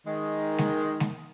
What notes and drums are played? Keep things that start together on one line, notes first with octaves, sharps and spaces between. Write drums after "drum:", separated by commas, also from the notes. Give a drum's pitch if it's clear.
D#3 G#3
drum: snare G#3
drum: snare G#3